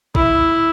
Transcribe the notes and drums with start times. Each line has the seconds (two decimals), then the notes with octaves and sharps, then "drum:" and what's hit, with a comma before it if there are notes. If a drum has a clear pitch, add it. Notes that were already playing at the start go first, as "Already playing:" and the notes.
0.15 E4, drum: kick A1